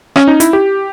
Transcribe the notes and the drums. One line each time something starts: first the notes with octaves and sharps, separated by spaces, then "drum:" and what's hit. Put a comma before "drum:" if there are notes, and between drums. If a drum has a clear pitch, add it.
C#4, drum: rim click
D#4
E4, drum: hi-hat
G4